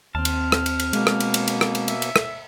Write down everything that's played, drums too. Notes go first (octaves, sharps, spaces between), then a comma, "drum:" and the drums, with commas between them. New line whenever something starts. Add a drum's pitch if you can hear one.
D#2 C4 A5 F6
drum: cymbal
drum: rim click
drum: cymbal
drum: cymbal
B2 G#3 A#3, drum: cymbal
drum: rim click
drum: cymbal
drum: cymbal
drum: cymbal
drum: rim click
drum: cymbal
E5, drum: cymbal
drum: cymbal
drum: rim click